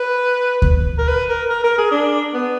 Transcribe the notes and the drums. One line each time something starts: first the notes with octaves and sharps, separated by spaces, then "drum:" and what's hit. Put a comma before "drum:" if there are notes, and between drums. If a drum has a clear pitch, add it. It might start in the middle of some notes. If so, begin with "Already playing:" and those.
Already playing: B4
drum: kick D2
A#4
B4
A#4
A#4
A#4
G#4
D4
B3